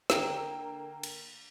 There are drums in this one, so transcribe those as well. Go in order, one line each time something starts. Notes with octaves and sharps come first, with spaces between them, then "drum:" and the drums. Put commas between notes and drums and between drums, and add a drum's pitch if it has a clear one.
D3 A#3 G5 A#5 E7, drum: snare
drum: cymbal